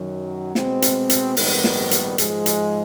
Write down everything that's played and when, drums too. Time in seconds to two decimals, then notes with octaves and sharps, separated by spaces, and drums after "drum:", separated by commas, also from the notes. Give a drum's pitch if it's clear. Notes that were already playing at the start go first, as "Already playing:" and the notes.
Already playing: F#2 D#3 F#3
0.55 B2 G#3 C4, drum: snare
0.82 drum: hi-hat
1.10 drum: hi-hat
1.37 A#1 G#2 D#3 G3 B3, drum: open hi-hat
1.64 drum: snare
1.91 drum: hi-hat
2.18 G#2 F3 G#3, drum: hi-hat
2.46 drum: hi-hat